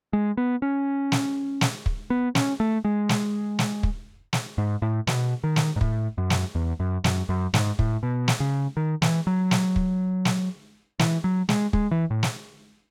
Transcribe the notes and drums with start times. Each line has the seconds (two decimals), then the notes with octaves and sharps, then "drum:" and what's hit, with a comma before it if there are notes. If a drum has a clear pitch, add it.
0.13 G#3
0.37 B3
0.62 C#4
1.12 drum: snare
1.61 drum: snare
1.86 drum: kick
2.10 B3
2.35 C#4, drum: snare
2.60 A3
2.85 G#3
3.09 drum: snare
3.59 drum: snare
3.83 drum: kick
4.33 drum: snare
4.58 G#2
4.82 A2
5.07 B2, drum: snare
5.44 D#3
5.56 drum: snare
5.76 G#2
5.81 A2, drum: kick
6.18 F#2
6.30 drum: snare
6.55 E2
6.80 F#2
7.04 F#2, drum: snare
7.29 F#2
7.54 G#2, drum: snare
7.79 A2, drum: kick
8.03 B2
8.28 drum: snare
8.40 C#3
8.77 D#3
9.02 E3, drum: snare
9.27 F#3
9.51 drum: snare
9.76 drum: kick
10.25 drum: snare
10.99 E3, drum: snare
11.24 F#3
11.49 G#3, drum: snare
11.73 G#3, drum: kick
11.91 E3
12.10 A2
12.23 drum: snare